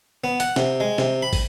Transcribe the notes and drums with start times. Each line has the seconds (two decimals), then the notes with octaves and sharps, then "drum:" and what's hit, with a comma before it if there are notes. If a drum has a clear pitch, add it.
0.24 B3
0.40 F#5, drum: hi-hat
0.56 C3, drum: snare
0.80 G#3
0.98 C3, drum: snare
1.22 B5
1.33 drum: kick, open hi-hat